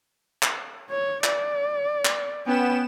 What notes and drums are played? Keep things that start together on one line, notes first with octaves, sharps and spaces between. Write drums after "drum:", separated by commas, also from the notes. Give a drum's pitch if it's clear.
drum: clap
C#5
D5, drum: clap
drum: clap
B3 C#4 G5 E7